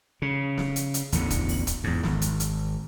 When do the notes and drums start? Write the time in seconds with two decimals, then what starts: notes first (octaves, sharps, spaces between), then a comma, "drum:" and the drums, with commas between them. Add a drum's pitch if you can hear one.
0.22 C#3
0.58 drum: snare
0.76 drum: hi-hat
0.94 drum: hi-hat
1.12 A1 E2 D3, drum: hi-hat
1.30 drum: kick, hi-hat
1.49 drum: open hi-hat
1.67 drum: kick, hi-hat
1.84 E2 G#2
2.03 G#1, drum: snare
2.22 drum: hi-hat
2.40 drum: hi-hat